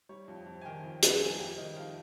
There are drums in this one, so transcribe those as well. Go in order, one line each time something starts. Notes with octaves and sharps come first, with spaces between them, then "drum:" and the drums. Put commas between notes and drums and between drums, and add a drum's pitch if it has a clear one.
G3 C#5
F2
F2
G#5
D#3 G5
F2
G3, drum: hi-hat
F2 G#5
G3 G5
D#3 D#5
F2 F5